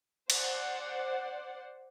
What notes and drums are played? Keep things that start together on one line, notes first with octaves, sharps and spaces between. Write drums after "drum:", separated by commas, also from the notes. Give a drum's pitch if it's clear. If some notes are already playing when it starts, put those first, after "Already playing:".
C5 D5 F#5, drum: cymbal